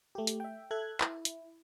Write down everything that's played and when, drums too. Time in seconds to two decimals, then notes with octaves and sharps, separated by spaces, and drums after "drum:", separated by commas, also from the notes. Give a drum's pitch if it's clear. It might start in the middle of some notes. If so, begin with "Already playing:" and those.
0.15 A3 G4
0.27 drum: hi-hat
0.40 E5 G5
0.71 A4 E5 F#6 G#6
1.01 E4, drum: clap
1.25 drum: hi-hat